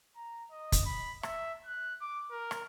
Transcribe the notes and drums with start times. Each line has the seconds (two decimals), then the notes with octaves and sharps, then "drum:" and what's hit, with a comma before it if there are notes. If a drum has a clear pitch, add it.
0.16 A#5
0.51 D#5
0.72 drum: kick, hi-hat
0.86 B5
1.23 E5, drum: rim click
1.66 F#6
2.01 D6
2.31 A#4
2.51 drum: rim click